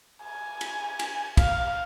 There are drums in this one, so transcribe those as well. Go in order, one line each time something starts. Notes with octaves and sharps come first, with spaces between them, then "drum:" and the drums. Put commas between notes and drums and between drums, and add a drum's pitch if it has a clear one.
G#5
drum: cymbal
drum: cymbal
F5, drum: kick, cymbal